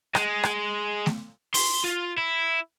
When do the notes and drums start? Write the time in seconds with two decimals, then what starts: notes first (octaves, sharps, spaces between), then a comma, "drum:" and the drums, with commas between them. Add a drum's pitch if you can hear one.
0.15 G#3, drum: rim click
0.43 drum: rim click
1.06 drum: snare A3
1.54 C6, drum: open hi-hat
1.84 F4
2.18 E4